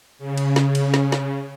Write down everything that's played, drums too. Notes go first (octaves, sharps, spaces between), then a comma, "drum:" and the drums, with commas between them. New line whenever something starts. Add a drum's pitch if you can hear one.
C#3
drum: cymbal
drum: snare
drum: cymbal
drum: snare
drum: snare